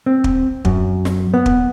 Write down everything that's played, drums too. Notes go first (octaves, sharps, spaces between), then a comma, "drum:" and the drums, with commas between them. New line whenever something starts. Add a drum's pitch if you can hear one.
C4
drum: kick
F#2, drum: kick
drum: snare
B3
drum: kick